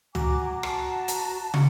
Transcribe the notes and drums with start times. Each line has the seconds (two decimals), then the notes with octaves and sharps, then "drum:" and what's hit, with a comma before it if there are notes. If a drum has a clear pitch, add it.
0.15 F#4 G#5 A#5 D6, drum: tom
0.63 A5 A#5, drum: rim click
1.08 drum: hi-hat
1.54 C#6, drum: tom